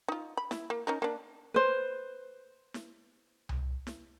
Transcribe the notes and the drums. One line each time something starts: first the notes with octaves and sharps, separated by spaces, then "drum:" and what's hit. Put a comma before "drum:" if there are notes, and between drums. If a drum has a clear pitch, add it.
D#4 F4
B5
E4, drum: snare
A#3
C#4 D#4 A#4
A#3 D4
B4 C5
drum: snare
drum: tom C2
drum: snare